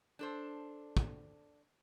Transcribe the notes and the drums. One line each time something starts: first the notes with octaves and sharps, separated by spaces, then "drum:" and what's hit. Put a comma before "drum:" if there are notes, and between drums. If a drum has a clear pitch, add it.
D4 A4 C5
drum: kick